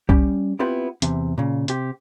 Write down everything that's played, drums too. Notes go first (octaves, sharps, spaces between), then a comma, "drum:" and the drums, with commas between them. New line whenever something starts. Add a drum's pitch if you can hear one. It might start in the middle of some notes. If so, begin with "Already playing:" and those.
G3 C#4 G4, drum: kick C2
B3 C4 E4 F4 G4 B4
E2 C3, drum: hi-hat
A#2 C#3
C3 G4, drum: hi-hat